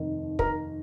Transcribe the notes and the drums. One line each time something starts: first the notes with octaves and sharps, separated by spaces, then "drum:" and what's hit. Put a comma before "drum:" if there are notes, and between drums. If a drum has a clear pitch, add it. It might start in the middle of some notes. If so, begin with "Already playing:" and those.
Already playing: F1 D#2 D#3
A#4 A#5, drum: kick